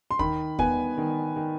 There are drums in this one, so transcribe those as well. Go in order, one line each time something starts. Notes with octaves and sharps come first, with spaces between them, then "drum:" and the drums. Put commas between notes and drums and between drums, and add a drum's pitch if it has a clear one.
C6
D#3 B5, drum: kick D#2
B3 G#5, drum: kick D#2
D#3
D#3